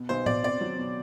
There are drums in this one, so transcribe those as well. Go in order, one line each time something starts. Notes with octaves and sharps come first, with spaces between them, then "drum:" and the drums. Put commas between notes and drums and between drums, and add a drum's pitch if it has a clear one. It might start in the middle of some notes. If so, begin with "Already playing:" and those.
Already playing: B2
B1 C5
B2 D5, drum: tom A2
C4 D5
F#3
B2